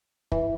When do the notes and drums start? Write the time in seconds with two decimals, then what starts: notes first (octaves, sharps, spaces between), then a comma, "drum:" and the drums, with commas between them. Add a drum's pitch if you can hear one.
0.32 E3, drum: kick